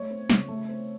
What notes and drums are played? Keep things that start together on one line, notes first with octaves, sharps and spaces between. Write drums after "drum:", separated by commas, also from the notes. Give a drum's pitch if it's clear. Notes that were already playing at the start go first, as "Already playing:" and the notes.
Already playing: A3 C#5
C4
C#3, drum: snare
A3
C4